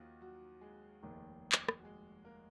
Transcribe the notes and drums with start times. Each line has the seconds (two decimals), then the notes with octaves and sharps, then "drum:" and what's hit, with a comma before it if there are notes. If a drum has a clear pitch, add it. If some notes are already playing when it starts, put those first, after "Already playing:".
Already playing: D#2 D#3 F3 D#4 F4 F#4
0.21 F#3 F#4
0.61 G#3 G#4
1.03 F1 D#2 D#3
1.52 drum: clap
1.69 drum: rim click
1.79 F#4
1.84 G#3 G#4
2.25 A#3 A#4